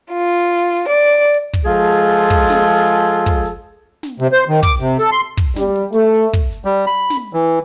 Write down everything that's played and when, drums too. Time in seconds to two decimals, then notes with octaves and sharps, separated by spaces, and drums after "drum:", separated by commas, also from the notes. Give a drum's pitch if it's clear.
0.13 F4
0.38 drum: hi-hat
0.57 drum: hi-hat
0.77 drum: open hi-hat
0.89 D5
1.15 drum: open hi-hat
1.34 drum: open hi-hat
1.53 drum: kick, open hi-hat
1.65 F3 G#3 F4 G#4 A4
1.92 drum: hi-hat
2.11 drum: hi-hat
2.30 drum: kick, hi-hat
2.49 drum: snare
2.69 drum: open hi-hat
2.88 drum: hi-hat
3.07 drum: hi-hat
3.26 drum: kick, hi-hat
3.45 drum: hi-hat
4.03 drum: snare
4.20 C3, drum: open hi-hat
4.32 C5
4.48 D#3
4.63 D6, drum: kick, open hi-hat
4.80 C3, drum: hi-hat
4.99 A4, drum: hi-hat
5.12 C6
5.37 drum: kick, hi-hat
5.56 G3, drum: snare
5.76 drum: open hi-hat
5.93 A3, drum: hi-hat
6.14 drum: hi-hat
6.33 drum: kick, hi-hat
6.53 drum: hi-hat
6.65 G3
6.87 B5
7.10 drum: snare
7.33 E3